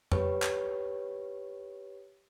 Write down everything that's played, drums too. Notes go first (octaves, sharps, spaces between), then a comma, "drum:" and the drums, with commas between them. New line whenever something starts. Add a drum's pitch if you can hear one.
G4 B4 C#5, drum: tom F2
drum: clap